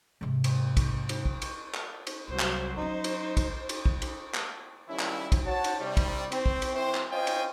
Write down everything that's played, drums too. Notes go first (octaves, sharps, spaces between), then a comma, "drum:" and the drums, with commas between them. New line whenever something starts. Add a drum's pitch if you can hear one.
G#2 C3
drum: cymbal
drum: kick, cymbal
drum: cymbal
drum: kick
drum: cymbal
drum: clap
drum: cymbal
C2 F#3 C5
drum: clap
F#3 C#4 D#4 C5
drum: cymbal
drum: kick, cymbal
drum: cymbal
drum: kick
drum: cymbal
drum: clap
F2 D#3 G3 C#4 E4
drum: clap
drum: kick, cymbal
F#4 C#5 A5
drum: cymbal
C3 G3
drum: kick, cymbal
C4, drum: cymbal
drum: kick
drum: cymbal
E3 C4 C5
drum: clap
C#4 F4 C5 D#5 G5 G#5
drum: cymbal